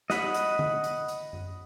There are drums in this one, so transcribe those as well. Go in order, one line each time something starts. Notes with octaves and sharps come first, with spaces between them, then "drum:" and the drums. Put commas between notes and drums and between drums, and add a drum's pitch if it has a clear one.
D#5 F#5 B5, drum: snare
drum: hi-hat
drum: tom D3
drum: hi-hat
drum: hi-hat
drum: tom F#2